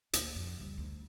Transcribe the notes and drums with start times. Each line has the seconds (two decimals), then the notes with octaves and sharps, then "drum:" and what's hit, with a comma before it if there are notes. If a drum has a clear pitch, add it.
0.13 D2 A#2, drum: hi-hat
0.35 F2
0.57 C#2 G3
0.78 D2